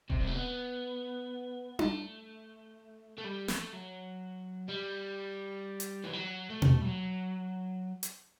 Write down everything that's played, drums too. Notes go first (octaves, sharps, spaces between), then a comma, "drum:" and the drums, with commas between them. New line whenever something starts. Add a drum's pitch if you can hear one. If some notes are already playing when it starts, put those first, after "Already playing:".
C3, drum: kick D#1
G3
A3
B3
A3, drum: tom D4
A3
G3
A3, drum: snare
F#3
G3
drum: hi-hat
E3
F#3
A3
drum: tom B2
G3
F#3
drum: hi-hat